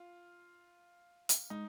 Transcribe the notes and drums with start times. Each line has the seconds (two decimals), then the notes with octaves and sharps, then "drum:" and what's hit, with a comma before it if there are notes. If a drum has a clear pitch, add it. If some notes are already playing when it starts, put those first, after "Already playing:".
Already playing: F4
1.29 drum: hi-hat
1.50 G#3 D#4